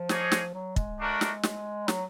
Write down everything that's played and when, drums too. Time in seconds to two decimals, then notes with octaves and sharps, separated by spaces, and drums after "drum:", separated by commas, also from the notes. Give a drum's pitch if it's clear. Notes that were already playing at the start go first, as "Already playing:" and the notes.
Already playing: F3
0.09 A#3 D#4 G#4 C#5, drum: snare
0.32 drum: snare
0.54 F#3
0.76 G#3, drum: kick
0.98 A3 D4 F#4 A#4
1.21 drum: snare
1.43 drum: snare
1.88 F#3, drum: snare